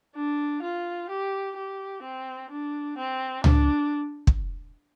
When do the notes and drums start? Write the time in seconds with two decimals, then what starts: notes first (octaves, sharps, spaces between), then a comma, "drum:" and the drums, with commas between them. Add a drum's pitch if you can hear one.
0.15 D4
0.63 F4
1.10 G4
1.57 G4
2.03 C4
2.50 D4
2.98 C4
3.44 D4, drum: tom C#2
4.27 drum: kick